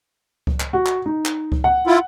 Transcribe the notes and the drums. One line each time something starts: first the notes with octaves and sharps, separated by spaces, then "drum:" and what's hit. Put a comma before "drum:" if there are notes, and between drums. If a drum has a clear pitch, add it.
drum: kick C#2
drum: clap
F#4
drum: clap
D#4
drum: clap
drum: kick C#2
F#5
E4 F4